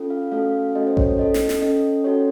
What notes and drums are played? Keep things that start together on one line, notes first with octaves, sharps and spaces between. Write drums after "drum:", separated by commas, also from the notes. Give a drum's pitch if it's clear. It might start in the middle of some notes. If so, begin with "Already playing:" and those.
Already playing: C#4 F4 A4
F5
A3 C#4 F#4 A4 F5
A3 C#4 F#4 A4 D#5
C5
C#5, drum: kick A1
C#4 A4 D#5
drum: snare
drum: snare
C#4 A4 D#5
C#4 F#4 A4 C#5